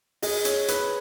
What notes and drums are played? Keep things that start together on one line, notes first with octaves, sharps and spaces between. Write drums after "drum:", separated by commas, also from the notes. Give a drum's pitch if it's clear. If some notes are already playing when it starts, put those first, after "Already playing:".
G#4 D#5, drum: open hi-hat
C#5, drum: hi-hat
B4 C#5, drum: hi-hat